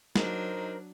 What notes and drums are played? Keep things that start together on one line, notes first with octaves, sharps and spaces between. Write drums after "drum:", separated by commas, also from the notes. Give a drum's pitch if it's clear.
F#3 D4 D#4 A#4 C5, drum: snare